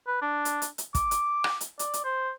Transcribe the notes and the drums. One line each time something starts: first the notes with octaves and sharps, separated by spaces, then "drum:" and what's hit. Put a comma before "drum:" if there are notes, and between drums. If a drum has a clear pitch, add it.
B4
D4
drum: hi-hat
drum: hi-hat
drum: hi-hat
D6, drum: kick, hi-hat
drum: hi-hat
drum: rim click
drum: hi-hat
D5, drum: hi-hat
drum: hi-hat
C5